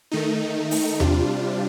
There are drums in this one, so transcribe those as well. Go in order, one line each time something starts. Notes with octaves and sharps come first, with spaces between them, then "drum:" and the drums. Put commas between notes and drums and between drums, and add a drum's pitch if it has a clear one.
D#3 A3 D#4
drum: open hi-hat
C3 G3 D4 F4, drum: tom E2